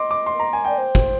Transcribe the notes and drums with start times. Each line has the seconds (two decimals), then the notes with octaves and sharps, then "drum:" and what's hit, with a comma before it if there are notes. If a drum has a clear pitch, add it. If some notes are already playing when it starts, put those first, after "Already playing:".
Already playing: D#5 C6 D6
0.11 D6
0.26 C6
0.40 A#5
0.53 G#5
0.65 D5 G5
0.78 C5
0.95 drum: kick